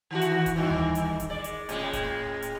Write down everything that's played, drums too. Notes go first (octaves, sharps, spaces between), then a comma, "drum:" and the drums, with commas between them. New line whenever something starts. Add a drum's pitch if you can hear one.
D#3 E3 F#4
drum: hi-hat
drum: kick D#1, hi-hat
G2 D#3 E3
drum: tom D2
drum: hi-hat
drum: kick D#1, hi-hat
G#3 D5
drum: hi-hat
A2 C#3 G#3, drum: hi-hat
drum: kick D#1, hi-hat
drum: hi-hat